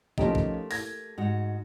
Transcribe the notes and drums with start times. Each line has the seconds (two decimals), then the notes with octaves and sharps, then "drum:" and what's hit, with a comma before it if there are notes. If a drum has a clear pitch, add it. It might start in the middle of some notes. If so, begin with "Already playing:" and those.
0.18 F3 A3 C#4 D#4 G4 A#4, drum: kick
0.35 drum: kick
0.71 G#6 A#6, drum: open hi-hat
1.18 G#2 F#4